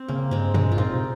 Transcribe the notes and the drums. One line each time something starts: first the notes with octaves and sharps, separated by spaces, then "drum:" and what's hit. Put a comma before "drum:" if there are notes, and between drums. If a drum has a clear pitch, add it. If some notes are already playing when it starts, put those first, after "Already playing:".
Already playing: C4
C#3 A#3
G2 G#3 C4
G2 G#3 C4, drum: tom A#2
F4
A#2 C4 D#4
C3